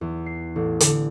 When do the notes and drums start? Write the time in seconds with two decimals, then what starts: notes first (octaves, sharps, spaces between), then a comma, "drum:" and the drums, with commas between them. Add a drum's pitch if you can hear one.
0.01 E2
0.26 C7
0.56 A1
0.80 D3, drum: hi-hat